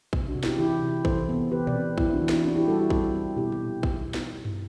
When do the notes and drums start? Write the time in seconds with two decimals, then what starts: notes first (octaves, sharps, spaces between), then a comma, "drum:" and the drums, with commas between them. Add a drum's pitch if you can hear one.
0.13 C3, drum: kick
0.28 D4 F#4
0.35 C3
0.43 E4 G4, drum: snare
0.59 E3 E4 G4
0.83 C3
1.05 E3 A4 C5, drum: kick
1.29 B3
1.51 E3 G4 B4
1.67 B4 D5, drum: tom A#2
1.75 C4
1.98 C4 E4, drum: kick
2.13 D4 F#4
2.22 E3
2.29 E4, drum: snare
2.44 C4 D4 F#4
2.56 E4 G4
2.67 G3 F#4 A4
2.78 E4 G4
2.90 C4, drum: kick
3.14 C4
3.36 B2 E4 G4
3.52 drum: tom A#2
3.83 drum: kick
4.14 drum: snare
4.45 drum: tom